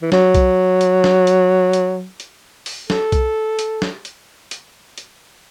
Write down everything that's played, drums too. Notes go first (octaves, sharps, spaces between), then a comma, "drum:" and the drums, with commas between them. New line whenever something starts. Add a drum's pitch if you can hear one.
E3
F#3, drum: snare
drum: kick B1, hi-hat
drum: hi-hat
drum: snare
drum: hi-hat
drum: hi-hat
drum: hi-hat
drum: open hi-hat
A4, drum: snare
drum: kick B1, hi-hat
drum: hi-hat
drum: snare
drum: hi-hat
drum: hi-hat
drum: hi-hat